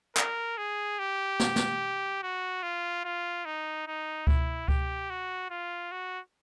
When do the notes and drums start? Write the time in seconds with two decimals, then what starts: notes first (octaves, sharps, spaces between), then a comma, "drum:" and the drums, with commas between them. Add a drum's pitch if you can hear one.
0.17 A#4, drum: clap
0.58 G#4
0.99 G4
1.40 drum: snare
1.56 drum: snare
2.23 F#4
2.63 F4
3.05 F4
3.45 D#4
3.87 D#4
4.27 E4, drum: kick C#2
4.68 G4, drum: kick C#2
5.10 F#4
5.50 F4
5.91 F#4